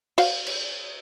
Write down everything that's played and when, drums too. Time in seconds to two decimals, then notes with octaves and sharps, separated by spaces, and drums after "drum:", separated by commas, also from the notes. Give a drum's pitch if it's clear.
0.18 F#4 C5 F5, drum: cymbal
0.46 drum: cymbal